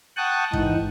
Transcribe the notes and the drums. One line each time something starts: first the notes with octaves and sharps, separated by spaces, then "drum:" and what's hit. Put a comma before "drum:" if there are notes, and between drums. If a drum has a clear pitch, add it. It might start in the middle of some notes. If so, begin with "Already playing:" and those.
F#5 G5 A5 C#6 D#6 F#6
G#2 E3 D#4, drum: kick